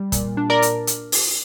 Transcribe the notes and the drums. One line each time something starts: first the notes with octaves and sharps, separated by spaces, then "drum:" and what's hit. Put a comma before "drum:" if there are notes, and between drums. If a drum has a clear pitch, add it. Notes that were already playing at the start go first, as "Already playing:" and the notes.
Already playing: G3
A#2, drum: kick, hi-hat
D4
A#4 D5
drum: hi-hat
drum: hi-hat
drum: open hi-hat